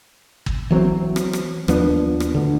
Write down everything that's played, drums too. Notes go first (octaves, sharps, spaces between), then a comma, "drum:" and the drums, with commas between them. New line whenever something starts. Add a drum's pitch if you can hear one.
drum: kick
E3 F#3 A3 C4
drum: rim click
drum: rim click
D#2 F3 B3 D4, drum: rim click
drum: rim click
D2 D3